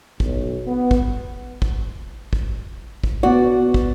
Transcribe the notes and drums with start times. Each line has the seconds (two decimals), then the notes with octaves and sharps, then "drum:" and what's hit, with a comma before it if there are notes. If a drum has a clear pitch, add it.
0.20 B1, drum: kick
0.67 B3
0.91 drum: kick
1.62 drum: kick
2.33 drum: kick
3.04 drum: kick
3.23 B3 F#4 D5
3.74 drum: kick